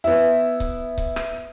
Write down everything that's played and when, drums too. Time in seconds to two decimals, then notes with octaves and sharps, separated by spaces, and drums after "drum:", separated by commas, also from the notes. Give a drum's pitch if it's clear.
0.04 B3 E4
0.60 drum: kick C#1
0.98 drum: kick C#1
1.16 drum: rim click